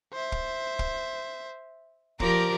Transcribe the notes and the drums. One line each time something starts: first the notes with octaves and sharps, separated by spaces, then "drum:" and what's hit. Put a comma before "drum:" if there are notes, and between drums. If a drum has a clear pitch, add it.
C5 E5
drum: kick
drum: kick
F3 G4 A#4 D5 A#5, drum: kick